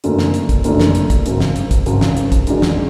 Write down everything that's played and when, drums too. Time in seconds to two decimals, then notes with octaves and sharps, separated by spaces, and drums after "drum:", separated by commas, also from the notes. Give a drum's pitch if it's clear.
0.04 F#1 F#2 D3 A3 D4, drum: hi-hat
0.19 drum: snare
0.34 drum: hi-hat
0.49 drum: kick, hi-hat
0.64 F#1 F#2 D3 A3 D4, drum: hi-hat
0.80 drum: snare
0.95 drum: hi-hat
1.10 drum: kick, hi-hat
1.26 G#1 F#2 C#3, drum: hi-hat
1.40 drum: snare
1.56 drum: hi-hat
1.71 drum: kick, hi-hat
1.86 G#1 F#2 C#3, drum: hi-hat
2.01 drum: snare
2.17 drum: hi-hat
2.32 drum: kick, hi-hat
2.47 F#2 D3 G#3 D4 F#4, drum: hi-hat
2.62 drum: snare